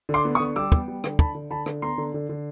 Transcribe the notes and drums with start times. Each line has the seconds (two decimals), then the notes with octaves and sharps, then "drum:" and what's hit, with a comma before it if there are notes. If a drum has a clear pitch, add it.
0.09 D3
0.14 C6 D6
0.25 B3
0.35 C#6 D#6
0.40 D3
0.56 G3 D6 E6
0.72 B3, drum: kick
0.88 G3
1.04 D3, drum: rim click
1.19 D3 A5 B5, drum: kick
1.35 D3
1.51 D3 A5 B5
1.66 D3, drum: rim click
1.82 B3 A#5 C6
1.98 D3
2.14 D3
2.29 D3